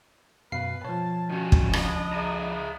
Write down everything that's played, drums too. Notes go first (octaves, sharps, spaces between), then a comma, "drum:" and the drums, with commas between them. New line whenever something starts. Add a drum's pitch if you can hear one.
F#2 B2 B4 F5 C7
B2 F3 C#5 A5
D#3 C#4 F#4
drum: kick
C#2 D4 D#5 B5, drum: rim click
G#4 E5 A#5